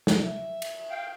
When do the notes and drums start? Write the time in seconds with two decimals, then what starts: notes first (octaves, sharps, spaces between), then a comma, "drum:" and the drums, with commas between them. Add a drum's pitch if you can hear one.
0.07 drum: snare
0.23 E5
0.62 drum: cymbal
0.89 F5 G5